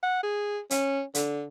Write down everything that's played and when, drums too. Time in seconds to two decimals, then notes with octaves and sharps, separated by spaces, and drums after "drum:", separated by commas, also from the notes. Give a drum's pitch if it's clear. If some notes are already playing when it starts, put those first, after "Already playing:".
0.03 F#5
0.23 G#4
0.71 C#4, drum: hi-hat
1.15 D3, drum: hi-hat